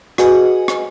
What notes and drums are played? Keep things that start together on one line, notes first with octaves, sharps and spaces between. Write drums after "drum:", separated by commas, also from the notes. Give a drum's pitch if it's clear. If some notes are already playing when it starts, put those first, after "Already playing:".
F#4 G#4 B4 D#5 G#5, drum: rim click
drum: rim click